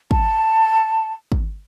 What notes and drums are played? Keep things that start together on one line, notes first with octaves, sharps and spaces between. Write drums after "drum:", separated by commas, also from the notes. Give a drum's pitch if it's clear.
A5, drum: kick
drum: kick